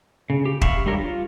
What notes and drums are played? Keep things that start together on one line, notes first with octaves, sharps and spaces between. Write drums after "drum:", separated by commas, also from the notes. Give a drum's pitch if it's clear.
C#3
G4
E5 F5 B5 C#6, drum: kick
G3 D4 G4 A#4 C#5
F4